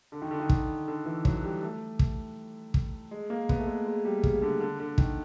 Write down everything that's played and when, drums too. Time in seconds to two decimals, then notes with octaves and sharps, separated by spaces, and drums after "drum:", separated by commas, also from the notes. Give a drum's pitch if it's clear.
0.12 D3
0.22 D#3
0.31 D3
0.40 D#3
0.49 D3, drum: kick
0.87 D3
1.05 E3
1.25 F#3, drum: kick
1.43 G3
1.63 A3
1.99 drum: kick
2.74 drum: kick
3.11 G#3
3.30 A#3
3.49 B3, drum: kick
3.59 A3
3.67 G#3
3.86 G#3
4.05 G3
4.23 C#3, drum: kick
4.42 D3
4.60 D3
4.80 D3
4.98 D#3, drum: kick